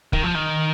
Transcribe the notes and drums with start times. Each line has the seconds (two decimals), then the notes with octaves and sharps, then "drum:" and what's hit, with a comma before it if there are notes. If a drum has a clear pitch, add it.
0.13 D#3, drum: kick
0.23 F3
0.35 D#3